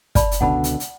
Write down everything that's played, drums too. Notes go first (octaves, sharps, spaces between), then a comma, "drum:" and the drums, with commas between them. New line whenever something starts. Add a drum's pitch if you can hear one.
D5 A5 B5, drum: kick, hi-hat
drum: hi-hat
C#2 B2 D3 F#5 A5 B5
drum: hi-hat
drum: hi-hat